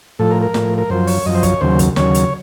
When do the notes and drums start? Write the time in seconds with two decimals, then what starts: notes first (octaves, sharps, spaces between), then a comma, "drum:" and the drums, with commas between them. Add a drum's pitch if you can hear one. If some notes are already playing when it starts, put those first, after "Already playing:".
0.19 A2 F3 A4
0.31 A#4
0.42 A#4
0.54 A2 F3, drum: snare
0.78 A#4
0.90 F#2 F3 C5
1.07 C#5, drum: open hi-hat
1.26 F#2 F3 D#5
1.35 C5
1.43 C#5, drum: kick, hi-hat
1.61 D#2 C#3 F#3 C5
1.79 drum: kick, hi-hat
1.96 D#2 C#3 F#3 C#5, drum: snare
2.14 drum: hi-hat